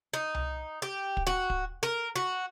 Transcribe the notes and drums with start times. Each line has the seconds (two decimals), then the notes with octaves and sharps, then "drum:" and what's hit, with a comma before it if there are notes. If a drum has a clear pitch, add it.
0.14 D#4
0.34 drum: tom C2
0.82 G4
1.17 drum: kick
1.27 F#4
1.50 drum: kick
1.83 A#4
2.16 F#4